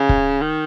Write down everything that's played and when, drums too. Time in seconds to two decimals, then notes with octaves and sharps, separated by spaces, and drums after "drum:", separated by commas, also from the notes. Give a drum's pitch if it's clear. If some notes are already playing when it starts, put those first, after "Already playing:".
Already playing: C#3
0.09 drum: kick
0.41 D#3